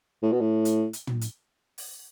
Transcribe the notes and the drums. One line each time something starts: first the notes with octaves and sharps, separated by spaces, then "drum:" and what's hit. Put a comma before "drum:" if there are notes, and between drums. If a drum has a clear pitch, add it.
A2
B2
A2
drum: hi-hat
drum: hi-hat
drum: tom
drum: hi-hat
drum: open hi-hat